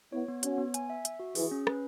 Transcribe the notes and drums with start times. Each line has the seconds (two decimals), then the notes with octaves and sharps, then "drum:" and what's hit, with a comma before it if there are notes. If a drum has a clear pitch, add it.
0.12 B3 E4 C#5
0.28 B3
0.43 C#4 F#4 C#5, drum: hi-hat
0.58 B3
0.74 G#5, drum: hi-hat
0.90 E5
1.05 E5, drum: hi-hat
1.20 F#4
1.35 E3 G#4, drum: open hi-hat
1.51 C#4
1.67 B4, drum: rim click